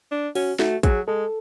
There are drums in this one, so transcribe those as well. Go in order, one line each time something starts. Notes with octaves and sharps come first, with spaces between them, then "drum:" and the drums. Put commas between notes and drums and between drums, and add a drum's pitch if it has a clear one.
D4
C#4 F#4, drum: open hi-hat
A3 F#4, drum: snare
F#3 G#4, drum: kick, hi-hat
G#3 A4